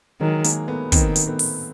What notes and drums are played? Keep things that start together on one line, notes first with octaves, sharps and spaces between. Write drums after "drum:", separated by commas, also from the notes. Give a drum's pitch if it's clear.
D#3 F#3 G#3
G#3 A#3, drum: hi-hat
A3 B3
D#3 A#3 C4, drum: kick, hi-hat
drum: hi-hat
A3 B3
drum: open hi-hat